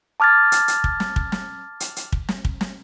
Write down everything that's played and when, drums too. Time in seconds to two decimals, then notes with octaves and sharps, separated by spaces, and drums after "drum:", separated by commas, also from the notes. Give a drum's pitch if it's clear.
0.20 A5 D6 F6 G#6 A6
0.52 drum: hi-hat
0.68 drum: hi-hat
0.84 drum: kick
1.00 drum: snare
1.16 drum: kick
1.32 drum: snare
1.80 drum: hi-hat
1.96 drum: hi-hat
2.12 drum: kick
2.29 drum: snare
2.45 drum: kick
2.61 drum: snare